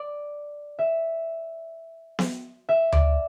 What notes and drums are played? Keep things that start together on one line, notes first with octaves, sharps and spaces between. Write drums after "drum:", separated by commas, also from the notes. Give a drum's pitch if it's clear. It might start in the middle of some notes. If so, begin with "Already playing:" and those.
Already playing: D5
E5
drum: snare B3
E5
D5, drum: tom D2